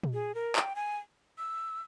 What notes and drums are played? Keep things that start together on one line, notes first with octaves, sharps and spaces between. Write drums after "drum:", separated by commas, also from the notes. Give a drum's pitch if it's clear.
drum: tom A#2
G#4
A#4
G5, drum: clap
G#5
E6